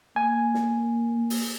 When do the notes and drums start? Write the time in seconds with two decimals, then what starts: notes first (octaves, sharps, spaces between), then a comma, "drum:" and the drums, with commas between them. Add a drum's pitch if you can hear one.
0.16 A#3 G#5
0.54 drum: snare
1.30 drum: open hi-hat